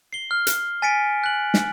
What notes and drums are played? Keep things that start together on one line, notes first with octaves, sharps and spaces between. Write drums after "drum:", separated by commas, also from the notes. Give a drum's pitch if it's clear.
C7 G7
F6
drum: hi-hat
G#5 A6 B6 C#7 D7
F#6 F#7
drum: snare